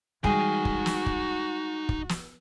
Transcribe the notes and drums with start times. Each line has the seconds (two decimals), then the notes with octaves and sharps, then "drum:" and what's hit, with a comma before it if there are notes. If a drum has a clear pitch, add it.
0.24 G3 G#3 D#4 F#4 G#4 G5
0.65 drum: kick
0.86 drum: snare
1.06 drum: kick
1.89 drum: kick
2.09 drum: snare